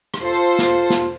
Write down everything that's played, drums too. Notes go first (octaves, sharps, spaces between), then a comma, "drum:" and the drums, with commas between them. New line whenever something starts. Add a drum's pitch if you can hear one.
drum: rim click
F4 A4 C5
drum: snare
drum: snare